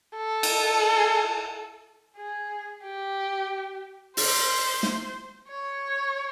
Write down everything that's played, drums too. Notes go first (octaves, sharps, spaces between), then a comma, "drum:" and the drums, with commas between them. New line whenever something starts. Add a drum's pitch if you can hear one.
A4
drum: cymbal
G#4
G4
C5, drum: open hi-hat
drum: snare
C#5